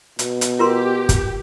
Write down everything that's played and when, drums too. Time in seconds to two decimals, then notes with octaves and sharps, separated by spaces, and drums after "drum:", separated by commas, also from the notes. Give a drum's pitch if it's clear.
0.19 B2, drum: hi-hat
0.41 drum: hi-hat
0.59 F4 G4 A#4 C6
1.09 drum: kick, hi-hat